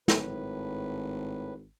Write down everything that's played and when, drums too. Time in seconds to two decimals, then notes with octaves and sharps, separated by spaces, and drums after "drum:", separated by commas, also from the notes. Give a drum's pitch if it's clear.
0.08 G#1 A2 B4, drum: snare